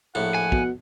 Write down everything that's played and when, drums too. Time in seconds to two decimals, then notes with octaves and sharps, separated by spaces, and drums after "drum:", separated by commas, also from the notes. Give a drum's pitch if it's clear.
0.15 A#1 A2 F#5
0.34 G#5
0.52 B2, drum: kick